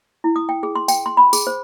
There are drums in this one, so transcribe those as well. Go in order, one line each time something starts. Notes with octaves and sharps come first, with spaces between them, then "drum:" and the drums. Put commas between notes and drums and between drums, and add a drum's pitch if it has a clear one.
E4
D#6
G5
G#4
C6
G5, drum: tambourine
C6
B5
G#4, drum: tambourine
C5